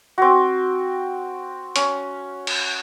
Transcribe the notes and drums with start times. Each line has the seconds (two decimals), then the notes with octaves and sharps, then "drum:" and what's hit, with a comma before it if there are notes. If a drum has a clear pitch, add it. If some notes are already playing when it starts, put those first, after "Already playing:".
0.18 C4 F#4
1.76 C#4, drum: hi-hat
2.47 drum: cymbal